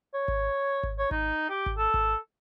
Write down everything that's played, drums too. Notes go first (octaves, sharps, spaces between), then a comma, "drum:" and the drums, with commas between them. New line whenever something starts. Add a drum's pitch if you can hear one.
C#5
drum: kick G#1
drum: kick G#1
C#5
D#4, drum: kick G#1
G4
drum: kick G#1
A4
drum: kick G#1